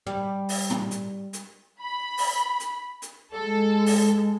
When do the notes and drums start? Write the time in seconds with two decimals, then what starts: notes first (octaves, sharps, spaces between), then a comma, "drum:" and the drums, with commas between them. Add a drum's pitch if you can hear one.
0.07 G3
0.49 drum: open hi-hat
0.70 drum: tom
0.91 drum: hi-hat
1.33 drum: hi-hat
1.81 B5
2.18 drum: open hi-hat
2.60 drum: hi-hat
3.02 drum: hi-hat
3.34 G#3 A4
3.86 drum: open hi-hat